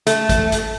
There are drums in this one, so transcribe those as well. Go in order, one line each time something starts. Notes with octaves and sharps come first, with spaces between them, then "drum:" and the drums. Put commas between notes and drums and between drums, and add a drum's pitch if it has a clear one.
A3, drum: hi-hat
drum: kick G#1, hi-hat
drum: hi-hat